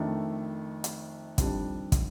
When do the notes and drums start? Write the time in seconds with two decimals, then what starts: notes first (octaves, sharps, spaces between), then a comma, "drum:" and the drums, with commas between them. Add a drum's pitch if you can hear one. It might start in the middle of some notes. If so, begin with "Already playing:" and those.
Already playing: F2 D#3 A3 D4
0.84 drum: hi-hat
1.38 F2 D#3 G3 D4, drum: kick, hi-hat
1.92 drum: kick, hi-hat